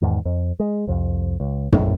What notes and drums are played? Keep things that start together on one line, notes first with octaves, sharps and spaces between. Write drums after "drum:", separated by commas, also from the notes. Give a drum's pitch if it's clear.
E2 G#2 D#3
F2
G#3
C2 F2
C#2
F1 A#1 F#2 A2, drum: tom